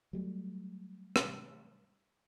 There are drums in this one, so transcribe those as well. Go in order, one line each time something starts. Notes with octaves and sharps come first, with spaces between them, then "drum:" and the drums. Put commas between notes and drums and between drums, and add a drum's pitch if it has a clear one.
F#3 G3 A3
drum: rim click